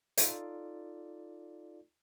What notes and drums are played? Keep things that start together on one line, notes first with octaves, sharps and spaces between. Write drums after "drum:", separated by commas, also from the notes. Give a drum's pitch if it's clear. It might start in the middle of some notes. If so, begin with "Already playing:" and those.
D#4 F4 A4 D5, drum: hi-hat